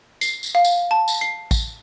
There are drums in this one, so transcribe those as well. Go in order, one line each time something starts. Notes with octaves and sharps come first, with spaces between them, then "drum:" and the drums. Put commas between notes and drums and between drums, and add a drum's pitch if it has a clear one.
C7, drum: tambourine
drum: tambourine
F5
drum: tambourine
A5
drum: tambourine
C7
drum: kick A1, tambourine